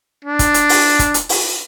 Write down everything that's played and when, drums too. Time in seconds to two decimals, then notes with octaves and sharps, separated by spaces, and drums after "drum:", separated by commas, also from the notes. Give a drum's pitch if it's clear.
0.25 D4
0.39 drum: kick, hi-hat
0.54 drum: hi-hat
0.69 drum: open hi-hat
0.99 drum: kick, hi-hat
1.14 drum: hi-hat
1.29 drum: open hi-hat